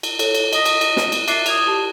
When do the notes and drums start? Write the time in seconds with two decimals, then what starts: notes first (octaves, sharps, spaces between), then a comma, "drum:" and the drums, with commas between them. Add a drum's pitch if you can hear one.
0.03 drum: cymbal
0.19 A4 C#5, drum: cymbal
0.34 drum: cymbal
0.53 D#5 D#6 A#6 B6, drum: cymbal
0.66 drum: cymbal
0.81 drum: cymbal
0.97 drum: snare
1.12 drum: cymbal
1.28 E5 D6 F#6 A6 C7 C#7, drum: cymbal
1.46 D#6 G#6 F7, drum: cymbal
1.67 G4 A5